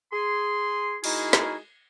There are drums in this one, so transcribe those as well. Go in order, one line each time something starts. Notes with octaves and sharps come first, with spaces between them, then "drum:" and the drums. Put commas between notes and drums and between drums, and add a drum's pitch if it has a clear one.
G#4 C6
G#3 D#4 E4 F#4 G#4 A#4, drum: cymbal
drum: snare